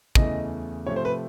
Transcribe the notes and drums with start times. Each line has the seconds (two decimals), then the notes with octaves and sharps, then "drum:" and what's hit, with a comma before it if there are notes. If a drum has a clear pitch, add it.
0.15 E2 C#3 E3 A3 D#5, drum: kick
0.86 C3 F3 A3 C#5
0.96 C5
1.05 B4